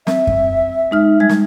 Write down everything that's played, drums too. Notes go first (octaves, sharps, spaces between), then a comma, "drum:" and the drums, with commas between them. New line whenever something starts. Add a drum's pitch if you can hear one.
C4 E5, drum: snare
drum: kick F#2
G#3 D#4 F6
G3 G#3 G#6
drum: snare